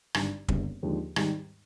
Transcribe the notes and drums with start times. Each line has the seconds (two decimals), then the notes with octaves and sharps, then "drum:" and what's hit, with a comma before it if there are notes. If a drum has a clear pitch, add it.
0.14 G#1 G2 D3, drum: rim click
0.48 F#1 F#2 D3 G3 B3, drum: kick
0.82 D#2 D3 F3 G#3
1.16 G#2 D#3 G3, drum: rim click